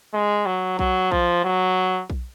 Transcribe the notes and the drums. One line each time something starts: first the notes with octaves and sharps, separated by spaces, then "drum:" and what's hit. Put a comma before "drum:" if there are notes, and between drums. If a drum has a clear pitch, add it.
G#3
F#3
F#3, drum: kick B1
F3, drum: kick B1
F#3
drum: kick B1